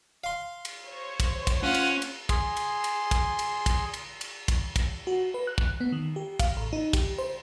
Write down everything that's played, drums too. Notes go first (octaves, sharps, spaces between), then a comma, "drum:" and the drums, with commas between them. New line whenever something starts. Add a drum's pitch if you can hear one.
F5 C6
drum: cymbal
C5 C#5
drum: kick, cymbal
drum: kick, cymbal
C#4 F4 F#5
drum: cymbal
drum: cymbal
G#4 C6, drum: kick, cymbal
drum: cymbal
drum: cymbal
drum: kick, cymbal
drum: cymbal
drum: kick, cymbal
drum: cymbal
drum: cymbal
drum: kick, cymbal
drum: kick, cymbal
F#4
B4
F#6
drum: kick
B3
D#3
G4
F5, drum: kick, cymbal
A1
D#4
G4, drum: kick, cymbal
C5